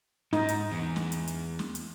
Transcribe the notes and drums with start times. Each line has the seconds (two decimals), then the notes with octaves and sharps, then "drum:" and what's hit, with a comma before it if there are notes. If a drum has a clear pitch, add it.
0.33 G#2 D#4, drum: snare
0.49 drum: hi-hat
0.72 E2
0.96 drum: snare
1.12 drum: hi-hat
1.27 drum: hi-hat
1.59 drum: snare
1.75 drum: hi-hat